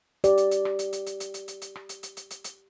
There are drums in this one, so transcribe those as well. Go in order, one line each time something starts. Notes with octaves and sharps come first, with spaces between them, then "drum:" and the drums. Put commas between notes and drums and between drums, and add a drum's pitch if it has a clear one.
G4 D5, drum: hi-hat
drum: hi-hat
drum: hi-hat
drum: rim click
drum: hi-hat
drum: hi-hat
drum: hi-hat
drum: hi-hat
drum: hi-hat
drum: hi-hat
drum: hi-hat
drum: rim click
drum: hi-hat
drum: hi-hat
drum: hi-hat
drum: hi-hat
drum: hi-hat